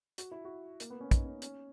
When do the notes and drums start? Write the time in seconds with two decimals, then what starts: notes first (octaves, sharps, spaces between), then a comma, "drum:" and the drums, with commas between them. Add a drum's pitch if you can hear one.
0.18 F#4, drum: hi-hat
0.31 E4
0.45 F#4
0.80 A#3, drum: hi-hat
0.90 B3
1.00 C#4
1.11 D#4, drum: kick, hi-hat
1.26 C#4
1.42 C#4, drum: hi-hat